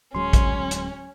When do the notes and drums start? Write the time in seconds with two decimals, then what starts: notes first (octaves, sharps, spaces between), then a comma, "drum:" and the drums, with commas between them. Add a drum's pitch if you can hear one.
0.15 D1 F#3 G#3 C#4 C6
0.33 drum: kick, hi-hat
0.71 drum: hi-hat